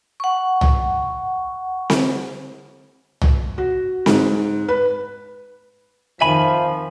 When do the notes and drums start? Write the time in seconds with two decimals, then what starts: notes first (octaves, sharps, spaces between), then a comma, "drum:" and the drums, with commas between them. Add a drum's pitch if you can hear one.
0.20 F#5 C#6
0.61 drum: tom C2
1.90 drum: snare C4
3.21 drum: tom C2
3.58 F#4
4.06 G#2, drum: snare C4
4.68 B4
6.21 F2 D#3 F3 E5 G#5 B5